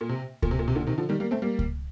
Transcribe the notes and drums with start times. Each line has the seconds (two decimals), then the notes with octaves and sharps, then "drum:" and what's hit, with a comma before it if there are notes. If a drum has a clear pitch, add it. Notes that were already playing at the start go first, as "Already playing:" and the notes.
0.01 A#2
0.09 C3
0.42 A#2, drum: kick C#2
0.51 C3
0.59 A#2
0.68 C3
0.75 A#2 D3
0.87 C3 D#3
0.98 D3 F3
1.09 D#3 G3
1.20 G3 A#3
1.31 A3 C4
1.42 G3 A#3
1.59 drum: kick C#2